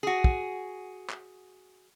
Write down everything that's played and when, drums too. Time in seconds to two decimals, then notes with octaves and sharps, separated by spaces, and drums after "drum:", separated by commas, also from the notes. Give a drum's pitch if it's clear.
0.03 F#4 G#4
0.24 drum: kick
1.10 drum: clap